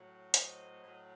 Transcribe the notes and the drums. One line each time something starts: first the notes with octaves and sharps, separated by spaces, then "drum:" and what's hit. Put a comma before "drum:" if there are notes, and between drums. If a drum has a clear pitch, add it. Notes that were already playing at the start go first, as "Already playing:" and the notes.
Already playing: A2 F#3
C5 D#5, drum: hi-hat
A2 F#3